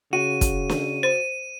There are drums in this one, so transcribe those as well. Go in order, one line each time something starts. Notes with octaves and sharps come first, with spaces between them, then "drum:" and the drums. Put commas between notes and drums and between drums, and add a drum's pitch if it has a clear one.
C#3 F#4 D#7
drum: kick, hi-hat
drum: snare
C5 D#7